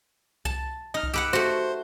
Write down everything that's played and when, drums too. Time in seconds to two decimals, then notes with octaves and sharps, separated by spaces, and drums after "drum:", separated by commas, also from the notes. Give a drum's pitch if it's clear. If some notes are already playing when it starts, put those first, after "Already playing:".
0.45 A5, drum: kick C2
0.94 D#4 D#5 F6
1.03 drum: kick C2
1.13 G4 B4 F#5 E6
1.33 A3 F#4 C5